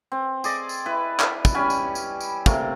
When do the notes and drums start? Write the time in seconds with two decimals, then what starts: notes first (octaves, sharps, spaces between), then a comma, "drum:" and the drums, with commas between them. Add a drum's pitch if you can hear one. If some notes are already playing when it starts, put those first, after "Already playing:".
0.12 C4
0.44 G#4 D5 D#5, drum: tambourine
0.69 drum: tambourine
0.86 E4 B4
1.20 drum: clap
1.45 drum: kick, tambourine
1.55 G3 C#4 G#5 B5
1.70 drum: tambourine
1.95 drum: tambourine
2.21 drum: tambourine
2.46 C3 A3 A#3, drum: kick, tambourine